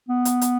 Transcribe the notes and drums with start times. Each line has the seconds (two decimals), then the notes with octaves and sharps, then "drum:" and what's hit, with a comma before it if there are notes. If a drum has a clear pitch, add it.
0.09 B3
0.25 drum: hi-hat
0.41 drum: hi-hat